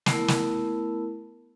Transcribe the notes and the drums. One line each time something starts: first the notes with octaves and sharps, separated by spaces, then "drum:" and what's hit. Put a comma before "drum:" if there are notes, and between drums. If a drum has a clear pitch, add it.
A3 B3 E4 A#4, drum: snare
drum: snare